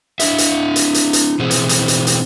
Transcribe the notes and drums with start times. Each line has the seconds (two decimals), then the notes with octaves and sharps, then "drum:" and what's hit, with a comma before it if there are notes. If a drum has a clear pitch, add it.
0.20 D4 E4 E5, drum: hi-hat
0.38 drum: hi-hat
0.76 drum: hi-hat
0.94 drum: hi-hat
1.13 drum: hi-hat
1.39 B2 E3 C4 G#4
1.51 drum: hi-hat
1.69 drum: hi-hat
1.88 drum: hi-hat
2.07 drum: hi-hat